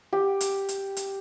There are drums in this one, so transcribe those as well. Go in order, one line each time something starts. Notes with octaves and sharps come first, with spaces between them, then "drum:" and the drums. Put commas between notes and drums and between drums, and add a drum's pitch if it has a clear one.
G4
drum: hi-hat
drum: hi-hat
drum: hi-hat